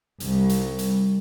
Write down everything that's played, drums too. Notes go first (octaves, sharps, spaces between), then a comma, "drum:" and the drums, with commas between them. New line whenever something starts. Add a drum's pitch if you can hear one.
C2, drum: hi-hat
drum: hi-hat
drum: hi-hat